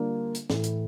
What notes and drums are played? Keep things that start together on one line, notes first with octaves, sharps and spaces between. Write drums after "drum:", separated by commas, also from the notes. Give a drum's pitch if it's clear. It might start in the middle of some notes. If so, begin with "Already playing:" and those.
Already playing: D3 G3 A#3 D4 F4
drum: hi-hat
A2 E3 A3 E4, drum: snare
drum: hi-hat